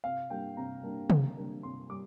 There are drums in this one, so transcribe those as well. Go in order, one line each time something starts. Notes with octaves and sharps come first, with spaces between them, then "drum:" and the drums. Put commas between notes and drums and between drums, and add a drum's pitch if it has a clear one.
C3 F5
G3 A#3 D4 G5
C3 A#5
G3 A#3 D4
C3, drum: tom
G3 A#3 D4
C3 C6
G3 D6